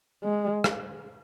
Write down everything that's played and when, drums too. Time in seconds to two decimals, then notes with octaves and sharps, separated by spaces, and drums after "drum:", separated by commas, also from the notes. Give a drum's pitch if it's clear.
0.24 G#3
0.64 drum: rim click